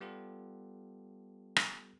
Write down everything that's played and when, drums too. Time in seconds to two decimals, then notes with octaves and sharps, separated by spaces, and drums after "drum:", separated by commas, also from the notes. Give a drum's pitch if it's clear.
0.01 G3 B3 F4 G4 A4
1.56 drum: rim click